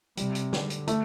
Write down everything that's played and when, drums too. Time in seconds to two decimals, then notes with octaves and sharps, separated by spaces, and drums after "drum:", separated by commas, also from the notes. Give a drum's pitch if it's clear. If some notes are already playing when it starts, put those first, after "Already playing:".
0.17 C3 G3, drum: hi-hat
0.35 drum: hi-hat
0.53 D3, drum: snare
0.70 drum: hi-hat
0.88 A3, drum: hi-hat